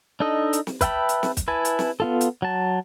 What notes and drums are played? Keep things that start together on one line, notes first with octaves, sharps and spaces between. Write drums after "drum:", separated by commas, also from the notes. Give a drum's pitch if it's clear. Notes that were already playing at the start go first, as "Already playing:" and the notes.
D4 D#4 A4 D#5
drum: hi-hat
drum: snare
B4 E5 G5 A5 B5, drum: kick, hi-hat
drum: hi-hat
drum: snare
drum: kick, hi-hat
E4 B4 G#5 A5
drum: hi-hat
drum: snare
B3 F4 A4
drum: hi-hat
F#3 A5